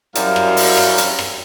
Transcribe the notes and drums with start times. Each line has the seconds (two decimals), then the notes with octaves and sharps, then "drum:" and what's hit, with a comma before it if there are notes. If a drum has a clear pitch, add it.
0.15 F#2 F#3 G3 E4 C5 F5, drum: hi-hat
0.36 drum: rim click
0.57 drum: open hi-hat
0.77 drum: rim click
0.98 drum: hi-hat
1.19 drum: rim click